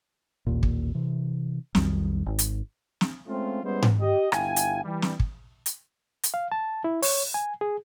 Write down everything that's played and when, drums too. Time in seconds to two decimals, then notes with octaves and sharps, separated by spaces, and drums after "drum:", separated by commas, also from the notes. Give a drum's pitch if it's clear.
0.47 A1 D#2 A#2
0.63 drum: kick
0.95 C3 E3
1.75 B1 F2 D#3 G3, drum: snare
2.26 G#1
2.39 drum: hi-hat
3.01 drum: snare
3.28 G#3 A3 C4 C#4 F4
3.63 G3 G#3 B3 C#4 E4 C5
3.82 drum: tom G#2
4.01 G4 D#5
4.32 G1 E4 F5 G5 G#5, drum: rim click
4.56 drum: hi-hat
4.84 E3 G3
5.02 drum: snare
5.20 drum: kick
5.66 drum: hi-hat
6.23 drum: hi-hat
6.34 F5
6.52 A5
6.84 E4
7.02 C#5, drum: open hi-hat
7.34 G#5
7.61 G#4